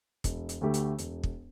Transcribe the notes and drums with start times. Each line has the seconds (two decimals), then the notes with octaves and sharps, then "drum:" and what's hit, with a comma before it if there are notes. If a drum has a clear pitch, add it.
0.24 E1, drum: kick, hi-hat
0.49 drum: hi-hat
0.61 D2 D3 A3 G4
0.74 drum: hi-hat
0.99 E1, drum: hi-hat
1.23 drum: kick